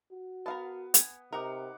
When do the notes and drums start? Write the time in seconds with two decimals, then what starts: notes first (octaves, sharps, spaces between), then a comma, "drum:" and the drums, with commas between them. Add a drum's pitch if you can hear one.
0.12 F#4
0.46 B3 A#4 F5 A5
0.94 G#5, drum: hi-hat
1.33 C3 D#4 A#4 F#5 D6